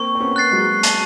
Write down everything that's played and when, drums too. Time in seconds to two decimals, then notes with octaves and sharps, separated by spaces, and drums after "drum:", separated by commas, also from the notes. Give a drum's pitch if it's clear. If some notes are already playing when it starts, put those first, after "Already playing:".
Already playing: A#3 C4 C#6
0.15 C4
0.20 B3 C#4
0.36 F#6 A6 C7
0.52 F#3 G#3
0.83 A5, drum: hi-hat